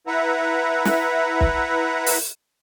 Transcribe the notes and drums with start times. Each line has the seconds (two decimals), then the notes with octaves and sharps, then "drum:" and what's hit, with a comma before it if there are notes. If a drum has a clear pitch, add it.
0.07 E4 B4 E5 F#5 A#5
0.85 drum: snare
1.41 drum: kick B1
2.06 drum: open hi-hat